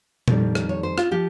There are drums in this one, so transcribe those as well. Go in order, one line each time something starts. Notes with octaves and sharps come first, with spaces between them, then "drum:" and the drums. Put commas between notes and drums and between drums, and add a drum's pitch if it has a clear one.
F2 D#3 G3, drum: tom A#2
drum: rim click
C#5
C5
F4, drum: rim click
F3 G4